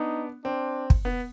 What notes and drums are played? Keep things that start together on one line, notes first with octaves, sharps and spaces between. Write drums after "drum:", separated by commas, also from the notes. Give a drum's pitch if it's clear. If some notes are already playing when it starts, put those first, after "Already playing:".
Already playing: B3 D4 D#4
C4 D4
drum: kick
B3